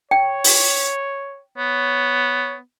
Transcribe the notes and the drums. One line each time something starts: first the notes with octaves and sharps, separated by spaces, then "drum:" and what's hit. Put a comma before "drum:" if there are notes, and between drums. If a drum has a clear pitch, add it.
C#5 G5
drum: open hi-hat
B3 C#5